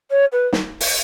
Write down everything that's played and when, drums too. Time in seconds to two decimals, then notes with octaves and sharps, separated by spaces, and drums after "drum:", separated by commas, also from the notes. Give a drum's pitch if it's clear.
0.10 C#5
0.32 B4
0.53 drum: snare
0.81 drum: open hi-hat